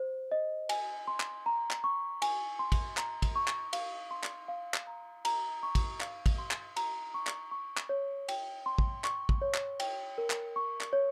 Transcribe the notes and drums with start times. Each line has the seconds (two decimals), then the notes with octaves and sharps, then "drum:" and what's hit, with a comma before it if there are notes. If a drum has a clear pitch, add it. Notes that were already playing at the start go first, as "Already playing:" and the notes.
Already playing: C5
0.32 D#5
0.69 G#5, drum: cymbal
1.07 C6
1.20 drum: clap
1.46 A#5
1.71 drum: clap
1.84 C#6
2.22 G#5, drum: cymbal
2.59 C6
2.72 drum: kick, cymbal
2.97 A#5, drum: clap
3.22 drum: kick, cymbal
3.36 C#6
3.48 drum: clap
3.73 F5, drum: cymbal
4.11 C6
4.23 drum: clap
4.48 F5
4.74 drum: clap
4.87 A#5
5.25 A#5, drum: cymbal
5.63 C#6
5.75 drum: kick, cymbal
6.00 F5, drum: clap
6.26 drum: kick, cymbal
6.38 C6
6.51 drum: clap
6.76 A#5, drum: cymbal
7.14 C#6
7.27 drum: clap
7.51 C#6
7.77 drum: clap
7.89 C#5
8.28 G5, drum: cymbal
8.66 C6
8.78 drum: kick
9.04 C#6, drum: clap
9.29 drum: kick
9.42 C#5
9.54 drum: clap
9.80 G5, drum: cymbal
10.18 A#4
10.30 drum: clap
10.56 C#6
10.81 drum: clap
10.93 C#5